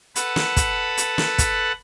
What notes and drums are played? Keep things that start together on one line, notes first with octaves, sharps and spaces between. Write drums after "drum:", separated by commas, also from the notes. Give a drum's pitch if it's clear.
A4 B4 F#5 A5 B5, drum: hi-hat
drum: snare
drum: kick, hi-hat
drum: hi-hat
drum: snare
drum: kick, hi-hat